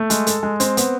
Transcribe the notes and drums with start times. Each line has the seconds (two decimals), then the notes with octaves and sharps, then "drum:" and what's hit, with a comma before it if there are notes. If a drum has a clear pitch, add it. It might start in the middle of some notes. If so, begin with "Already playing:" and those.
Already playing: A3
0.10 G#3, drum: hi-hat
0.27 A4, drum: hi-hat
0.43 G#3
0.60 C4, drum: hi-hat
0.77 B3, drum: hi-hat